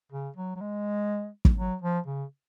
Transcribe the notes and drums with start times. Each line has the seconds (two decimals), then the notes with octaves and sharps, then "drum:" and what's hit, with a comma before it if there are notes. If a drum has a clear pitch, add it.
0.12 C#3
0.36 F#3
0.56 F#3
0.61 G#3
1.45 drum: kick
1.58 F#3
1.82 F3
2.07 C#3